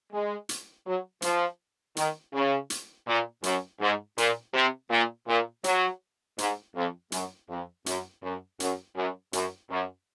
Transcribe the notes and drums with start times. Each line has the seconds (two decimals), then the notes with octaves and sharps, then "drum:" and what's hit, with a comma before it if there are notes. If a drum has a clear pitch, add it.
0.13 G#3
0.49 drum: hi-hat
0.86 F#3
1.22 F3, drum: hi-hat
1.97 D#3, drum: hi-hat
2.34 C#3
2.70 drum: hi-hat
3.07 A#2
3.43 F#2, drum: hi-hat
3.80 G#2
4.18 A#2, drum: hi-hat
4.54 C3
4.90 A#2
5.28 A#2
5.64 F#3, drum: hi-hat
6.38 G#2, drum: hi-hat
6.75 F2
7.12 F#2, drum: hi-hat
7.49 F2
7.86 F#2, drum: hi-hat
8.22 F#2
8.60 F#2, drum: hi-hat
8.96 F#2
9.33 F#2, drum: hi-hat
9.70 F#2